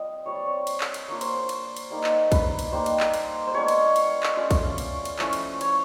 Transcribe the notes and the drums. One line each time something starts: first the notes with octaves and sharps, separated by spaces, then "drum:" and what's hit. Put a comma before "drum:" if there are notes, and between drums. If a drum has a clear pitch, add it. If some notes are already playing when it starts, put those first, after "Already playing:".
Already playing: G3 C4 F4 D#5
G3 C4 F4 C#5
D5
C#5
drum: cymbal
drum: clap
drum: cymbal
A#3 D4 F4 C#5
C5, drum: cymbal
C5
drum: cymbal
drum: cymbal
G3 A#3 D#4
drum: clap
B4, drum: kick B1, cymbal
drum: cymbal
G3 A#3 D#4 C5
drum: cymbal
drum: clap
drum: cymbal
C5
G#3 B3 D4 F4 C#5
drum: cymbal
drum: cymbal
drum: clap
A3 C#4 F4 D5
drum: kick B1, cymbal
drum: cymbal
drum: cymbal
F3 A3 C#4 E4, drum: clap
drum: cymbal
C#5, drum: cymbal